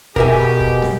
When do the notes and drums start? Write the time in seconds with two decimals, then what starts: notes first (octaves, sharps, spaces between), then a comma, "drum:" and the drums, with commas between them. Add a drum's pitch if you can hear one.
0.16 B2 G4 G#4 A#4 E5 G#5, drum: kick
0.60 drum: kick
0.82 drum: snare